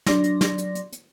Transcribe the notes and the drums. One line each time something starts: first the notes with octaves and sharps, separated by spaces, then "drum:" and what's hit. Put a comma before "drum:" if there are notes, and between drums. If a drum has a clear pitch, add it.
F#3 D4 D5 C6 A#6, drum: snare
drum: hi-hat
drum: snare
drum: hi-hat
drum: hi-hat
drum: hi-hat